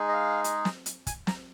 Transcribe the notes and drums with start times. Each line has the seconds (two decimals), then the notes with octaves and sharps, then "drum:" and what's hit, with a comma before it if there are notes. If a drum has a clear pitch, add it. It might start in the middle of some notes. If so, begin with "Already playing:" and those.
Already playing: G#3 D#4 G#4
0.09 D#5
0.13 F5
0.44 drum: hi-hat
0.65 drum: snare
0.86 drum: hi-hat
1.07 G#5, drum: kick, hi-hat
1.27 A#5, drum: snare